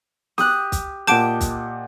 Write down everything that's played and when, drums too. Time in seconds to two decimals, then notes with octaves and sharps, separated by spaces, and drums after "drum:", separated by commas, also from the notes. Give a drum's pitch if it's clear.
0.38 G4 D#6 F#6, drum: snare
0.72 drum: kick, hi-hat
1.07 A#2 G4 D#5 F#5 A5 D6 G6 D7, drum: snare
1.41 drum: kick, hi-hat